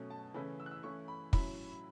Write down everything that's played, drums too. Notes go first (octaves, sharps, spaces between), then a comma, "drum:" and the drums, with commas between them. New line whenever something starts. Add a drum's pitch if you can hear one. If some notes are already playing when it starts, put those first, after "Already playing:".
Already playing: B2 F#3 A3 C#4
A5
C#3 E3 A3 C#4 E4 B5
E6
F#6
E6
E3 A3 C#4 E4 C#6
B5
A2 F#3 C#4 E4 B5, drum: kick